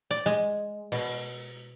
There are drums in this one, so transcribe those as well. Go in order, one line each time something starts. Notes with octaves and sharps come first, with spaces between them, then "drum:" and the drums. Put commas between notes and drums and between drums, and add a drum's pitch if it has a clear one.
D5
G#3, drum: hi-hat
B2, drum: open hi-hat